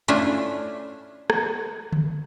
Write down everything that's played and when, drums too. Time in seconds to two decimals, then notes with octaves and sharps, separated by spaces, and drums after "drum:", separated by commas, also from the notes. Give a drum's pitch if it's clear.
0.08 A3 C#4 D4 E4 F4 E5, drum: hi-hat
1.30 drum: rim click
1.92 drum: tom D3